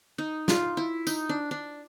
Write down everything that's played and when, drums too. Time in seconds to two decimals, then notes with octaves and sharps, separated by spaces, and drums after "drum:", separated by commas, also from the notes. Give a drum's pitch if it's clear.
0.18 D#4
0.48 F4, drum: snare
0.77 E4
1.07 D#4, drum: tambourine
1.29 D4
1.51 D4